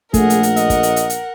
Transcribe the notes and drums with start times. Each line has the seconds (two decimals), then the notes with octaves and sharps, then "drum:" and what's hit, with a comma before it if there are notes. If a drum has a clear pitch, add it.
0.14 A#1 A3 G#4 A#4 F#5, drum: kick, hi-hat
0.30 drum: hi-hat
0.43 drum: hi-hat
0.56 D#5, drum: hi-hat
0.70 drum: kick, hi-hat
0.83 drum: hi-hat
0.96 drum: hi-hat
1.10 drum: hi-hat